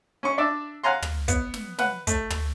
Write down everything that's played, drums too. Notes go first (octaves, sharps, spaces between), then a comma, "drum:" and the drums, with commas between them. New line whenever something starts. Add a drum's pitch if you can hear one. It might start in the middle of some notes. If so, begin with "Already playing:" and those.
C#4 C#6
D4 D5 E5
F5 F#5 G#5 A#5 C6
drum: tom
B3, drum: kick, hi-hat
drum: snare
B4 F#5, drum: snare
A3, drum: kick, hi-hat
drum: tom